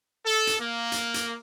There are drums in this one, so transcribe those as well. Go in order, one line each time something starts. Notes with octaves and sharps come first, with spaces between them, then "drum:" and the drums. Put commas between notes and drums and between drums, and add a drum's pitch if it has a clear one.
A4
drum: hi-hat
A#3
drum: hi-hat
drum: hi-hat